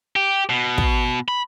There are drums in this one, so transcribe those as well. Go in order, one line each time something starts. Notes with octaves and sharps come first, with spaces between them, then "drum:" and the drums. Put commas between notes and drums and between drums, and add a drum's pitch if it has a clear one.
G4
B2
drum: kick
B5